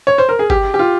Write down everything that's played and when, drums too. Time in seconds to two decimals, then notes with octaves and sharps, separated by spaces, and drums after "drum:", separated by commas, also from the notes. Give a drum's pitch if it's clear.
0.07 C#5
0.18 C5
0.29 A#4
0.39 G#4
0.50 G4, drum: kick G1
0.74 G4
0.79 F4